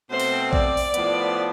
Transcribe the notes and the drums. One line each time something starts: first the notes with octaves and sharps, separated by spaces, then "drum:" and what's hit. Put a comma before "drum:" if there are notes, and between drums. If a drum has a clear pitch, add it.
B2 A3 C4 C5
drum: cymbal
D5, drum: kick A1
drum: open hi-hat
A2 F3 B3, drum: hi-hat